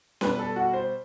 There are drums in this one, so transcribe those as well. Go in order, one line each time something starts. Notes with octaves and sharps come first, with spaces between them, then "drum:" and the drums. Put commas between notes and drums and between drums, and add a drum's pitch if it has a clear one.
B2 G3 B4, drum: snare C#4
A4
F#4
C5